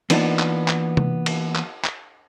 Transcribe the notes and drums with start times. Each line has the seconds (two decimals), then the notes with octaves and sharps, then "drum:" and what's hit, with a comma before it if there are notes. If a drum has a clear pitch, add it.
0.10 E3 A#3 B3 D4 D#4 F4, drum: cymbal
0.39 drum: clap
0.68 drum: clap
0.97 drum: tom C3
1.26 drum: cymbal
1.55 drum: clap
1.84 drum: clap